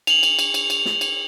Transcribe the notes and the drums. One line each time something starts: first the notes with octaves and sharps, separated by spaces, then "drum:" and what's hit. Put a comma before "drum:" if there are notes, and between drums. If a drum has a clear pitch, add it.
F7 F#7, drum: cymbal
drum: cymbal
drum: cymbal
drum: cymbal
drum: cymbal
drum: snare
drum: cymbal